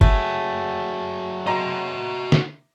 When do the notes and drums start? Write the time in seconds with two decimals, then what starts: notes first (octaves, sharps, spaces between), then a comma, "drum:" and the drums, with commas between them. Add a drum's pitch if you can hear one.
0.01 F#3 A3 G#4, drum: kick
1.47 F#4 D#5 A#5 C6 A#6
2.32 drum: snare